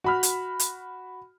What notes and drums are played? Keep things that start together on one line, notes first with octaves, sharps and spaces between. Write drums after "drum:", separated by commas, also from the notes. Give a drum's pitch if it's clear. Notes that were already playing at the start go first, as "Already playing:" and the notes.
F#4 B5 F6
drum: hi-hat
drum: hi-hat